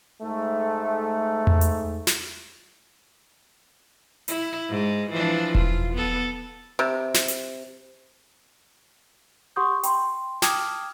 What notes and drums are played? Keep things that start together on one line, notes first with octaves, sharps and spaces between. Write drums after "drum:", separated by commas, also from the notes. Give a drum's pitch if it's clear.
G#2 A3
drum: tom E2
drum: hi-hat
drum: snare
E4, drum: hi-hat
G#2 G#3
E3 F3 D4
F4, drum: kick E1
B3 A4
C3
drum: snare
drum: hi-hat
G4 F#5 C6 C#6 D#6 G6
G5 B5 C6, drum: hi-hat
G5 A5 D6 D#6 F6 G#6, drum: snare